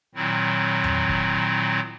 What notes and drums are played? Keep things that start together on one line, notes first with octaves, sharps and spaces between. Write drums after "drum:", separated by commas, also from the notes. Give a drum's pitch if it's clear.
A#2 D#3 F#3 C4 E4
drum: tom E2
drum: kick